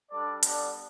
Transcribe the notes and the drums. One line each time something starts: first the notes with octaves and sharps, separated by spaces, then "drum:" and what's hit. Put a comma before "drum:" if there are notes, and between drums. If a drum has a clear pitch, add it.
G3 D4 A4 D5
G3 B3 D4 A4 D5, drum: hi-hat